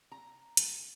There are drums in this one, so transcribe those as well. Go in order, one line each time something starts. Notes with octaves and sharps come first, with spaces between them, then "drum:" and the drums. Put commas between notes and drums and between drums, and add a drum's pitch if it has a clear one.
A#5
drum: hi-hat